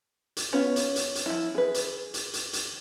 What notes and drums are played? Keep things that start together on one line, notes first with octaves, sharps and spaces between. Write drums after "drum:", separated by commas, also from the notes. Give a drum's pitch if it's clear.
drum: hi-hat
B3 C#4 F4 B4
drum: hi-hat
drum: hi-hat
drum: hi-hat
F3 E4
G#4 B4
drum: hi-hat
drum: hi-hat
drum: hi-hat
drum: hi-hat